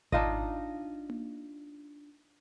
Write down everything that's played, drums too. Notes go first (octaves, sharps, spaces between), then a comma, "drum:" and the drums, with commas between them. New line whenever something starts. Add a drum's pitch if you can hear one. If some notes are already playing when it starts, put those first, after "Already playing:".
D4 D#4 F4 D#5, drum: kick G#1
drum: tom A#3